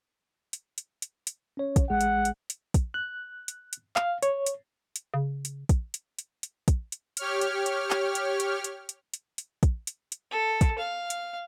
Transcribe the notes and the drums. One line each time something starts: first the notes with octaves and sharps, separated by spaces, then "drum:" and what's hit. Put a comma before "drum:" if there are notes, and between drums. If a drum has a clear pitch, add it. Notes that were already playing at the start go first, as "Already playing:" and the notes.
drum: hi-hat
drum: hi-hat
drum: hi-hat
drum: hi-hat
C#4 C#5
drum: kick, hi-hat
A1 G#3 G#4 F#5
drum: hi-hat
drum: hi-hat
drum: hi-hat
drum: kick, hi-hat
F#6
drum: hi-hat
drum: hi-hat
F5, drum: clap
C#5, drum: hi-hat
drum: hi-hat
drum: hi-hat
C#3
drum: hi-hat
drum: kick, hi-hat
drum: hi-hat
drum: hi-hat
drum: hi-hat
drum: kick, hi-hat
drum: hi-hat
G4 C#5 F6, drum: hi-hat
drum: hi-hat
drum: hi-hat
drum: clap
drum: hi-hat
drum: hi-hat
drum: hi-hat
drum: hi-hat
drum: hi-hat
drum: hi-hat
drum: kick, hi-hat
drum: hi-hat
drum: hi-hat
A4
drum: kick, hi-hat
F5
drum: hi-hat